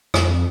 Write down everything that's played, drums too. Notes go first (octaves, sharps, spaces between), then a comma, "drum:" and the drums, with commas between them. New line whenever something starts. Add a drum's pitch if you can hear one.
F2, drum: rim click